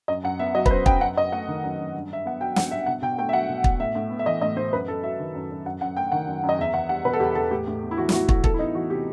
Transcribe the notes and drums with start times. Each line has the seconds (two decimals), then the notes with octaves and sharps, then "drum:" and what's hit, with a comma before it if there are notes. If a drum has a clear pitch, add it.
0.08 F#2 D#5
0.24 F#2 F#5
0.39 B3 E5
0.55 F#3 D#5
0.66 B4, drum: kick
0.71 F#2 C5
0.86 F#2 G5, drum: kick
1.01 F#2 F#5
1.17 F#2 D#5
1.32 A3 F#5
1.48 D#3
1.64 F#2
1.79 F#2
1.94 G2
2.10 G2 E5
2.25 B3 F#5
2.40 F#3 G5
2.56 G2 F#5, drum: snare
2.71 G2 E5
2.86 B2 F#5
3.02 B2 G5
3.18 A3 G5
3.29 E5
3.33 F#3 F#5
3.49 B2
3.64 B2, drum: kick
3.80 A2 E5
3.95 A2
4.11 B3
4.19 E5
4.26 E3 D#5
4.42 A2 D#5
4.57 A2 C5
4.73 F#2 B4
4.88 F#2 A4
5.03 F#3 E5
5.19 D#3
5.35 F#2
5.50 F#2
5.65 F#2 F#5
5.81 F#2 F#5
5.96 A3 G5
6.12 D#3 F#5
6.27 F#2
6.43 F#2
6.49 D#5
6.58 E2 E5
6.73 E2 F#5
6.89 G3 F#5
7.05 B2 B4
7.13 A4
7.20 E2 G4
7.35 E2 A4
7.51 A2 G4
7.67 A2
7.83 B3
7.91 E4
7.98 E3 F#4
8.09 E4, drum: snare
8.13 A2 F#4
8.29 A2 F#4, drum: kick
8.44 E2 A4, drum: kick
8.54 E4
8.59 B3 D#4
8.75 E3 F#4
8.90 C3 G4